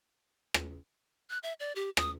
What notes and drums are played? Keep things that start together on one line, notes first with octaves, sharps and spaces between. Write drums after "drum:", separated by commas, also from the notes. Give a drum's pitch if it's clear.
drum: rim click
F#6
E5
D5
G4
D#6, drum: rim click